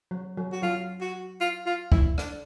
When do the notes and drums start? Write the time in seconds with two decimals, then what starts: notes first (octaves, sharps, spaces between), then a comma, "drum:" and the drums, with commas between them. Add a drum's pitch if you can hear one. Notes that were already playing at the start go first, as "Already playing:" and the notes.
0.11 F#3
0.37 F#3
0.53 F#4
0.62 F#3 F4
1.01 F#4
1.41 F4
1.66 F4
1.92 E4, drum: kick
2.18 D4, drum: rim click